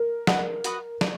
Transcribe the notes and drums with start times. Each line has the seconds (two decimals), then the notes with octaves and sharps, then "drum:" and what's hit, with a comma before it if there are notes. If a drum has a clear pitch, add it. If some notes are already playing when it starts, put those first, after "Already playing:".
Already playing: A#4
0.27 F#4 B4 D#5 F#5, drum: snare
0.64 F#4 B4 D#5 F#5, drum: hi-hat
1.01 C#6, drum: snare